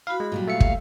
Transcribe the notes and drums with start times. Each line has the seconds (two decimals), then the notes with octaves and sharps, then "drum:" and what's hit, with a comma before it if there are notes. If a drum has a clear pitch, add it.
0.07 E4 F#4 F5 B5
0.20 G#3
0.32 A#2 F#3 G3
0.47 A3 E5 F5 C#7
0.60 drum: kick